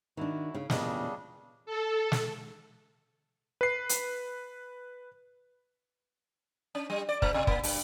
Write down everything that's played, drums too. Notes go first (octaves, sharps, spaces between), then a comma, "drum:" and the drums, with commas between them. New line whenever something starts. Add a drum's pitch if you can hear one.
D#3 D4 E4 F#4
C#3
E2 A#2 C#3 G3 D4 D#5, drum: snare
A4
drum: snare
B4 C7
drum: hi-hat
C#4
G3
D5
A3, drum: kick
B2
A#3, drum: kick
G2, drum: open hi-hat